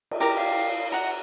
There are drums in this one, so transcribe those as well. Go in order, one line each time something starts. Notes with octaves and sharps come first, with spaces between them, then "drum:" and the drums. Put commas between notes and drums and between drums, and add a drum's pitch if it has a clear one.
drum: cymbal
G4 A#4 A#5
F5
F#4 F#5 A#5